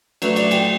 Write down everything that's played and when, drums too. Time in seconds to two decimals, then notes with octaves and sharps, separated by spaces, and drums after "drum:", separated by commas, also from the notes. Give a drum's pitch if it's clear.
0.22 F#3 A3 D4 B4, drum: cymbal
0.36 D5, drum: cymbal
0.51 G5, drum: cymbal